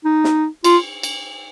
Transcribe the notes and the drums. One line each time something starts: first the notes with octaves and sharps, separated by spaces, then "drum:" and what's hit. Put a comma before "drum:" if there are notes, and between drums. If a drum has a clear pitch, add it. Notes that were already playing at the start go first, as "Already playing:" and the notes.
D#4
drum: snare
F4, drum: cymbal
drum: cymbal